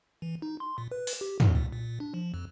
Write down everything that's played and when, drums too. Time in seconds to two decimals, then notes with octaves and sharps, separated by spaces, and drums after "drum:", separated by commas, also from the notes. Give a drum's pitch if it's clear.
0.22 E3
0.42 D#4
0.60 C6
0.78 A#2
0.92 B4
1.07 drum: open hi-hat
1.21 G4
1.40 F#3, drum: tom
1.55 A#2
1.72 A#2
2.00 D4
2.14 F3
2.34 F2